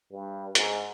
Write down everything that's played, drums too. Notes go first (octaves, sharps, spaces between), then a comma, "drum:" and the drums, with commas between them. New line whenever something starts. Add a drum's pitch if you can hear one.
G2
G#2, drum: hi-hat